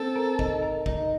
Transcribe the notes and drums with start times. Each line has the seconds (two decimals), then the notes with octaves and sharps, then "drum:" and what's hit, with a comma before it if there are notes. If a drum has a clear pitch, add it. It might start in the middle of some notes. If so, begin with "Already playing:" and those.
Already playing: C4 A4
0.16 A#4
0.39 D#4, drum: kick
0.62 A#4
0.86 D#4, drum: kick